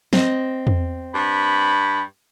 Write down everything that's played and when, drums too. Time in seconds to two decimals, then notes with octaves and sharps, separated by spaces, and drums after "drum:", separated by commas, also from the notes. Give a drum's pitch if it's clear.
0.13 C4 D#5, drum: snare
0.67 drum: tom E2
1.15 G2 B5